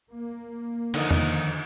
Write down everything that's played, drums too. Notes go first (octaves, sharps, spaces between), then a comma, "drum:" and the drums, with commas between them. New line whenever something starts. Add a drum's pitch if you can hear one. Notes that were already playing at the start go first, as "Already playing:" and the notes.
A#3
F2 D3 D#3 D#4, drum: cymbal
drum: tom E2